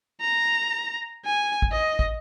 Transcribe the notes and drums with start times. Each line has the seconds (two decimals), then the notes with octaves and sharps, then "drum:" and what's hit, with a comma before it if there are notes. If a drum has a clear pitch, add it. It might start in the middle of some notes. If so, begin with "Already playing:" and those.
0.21 A#5
1.26 G#5
1.62 drum: kick
1.72 D#5
1.99 drum: kick